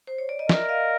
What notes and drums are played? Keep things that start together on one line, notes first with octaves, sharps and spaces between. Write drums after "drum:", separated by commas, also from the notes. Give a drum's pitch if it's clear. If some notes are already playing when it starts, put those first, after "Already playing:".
C5
C#5
D5
D#5
A#4 D5 E5, drum: snare
D#5 F5